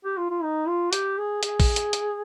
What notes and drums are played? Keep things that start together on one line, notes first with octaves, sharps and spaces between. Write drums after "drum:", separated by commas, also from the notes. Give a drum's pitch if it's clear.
G4
F4
F4
D#4
F4
G4, drum: hi-hat
G#4
G#4, drum: hi-hat
drum: kick, open hi-hat
drum: hi-hat
drum: hi-hat